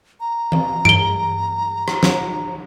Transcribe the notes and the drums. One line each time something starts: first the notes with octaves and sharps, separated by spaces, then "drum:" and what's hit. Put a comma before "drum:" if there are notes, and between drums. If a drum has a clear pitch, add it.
A#5
drum: tom E3
D7 G7, drum: tom G2
drum: rim click
drum: snare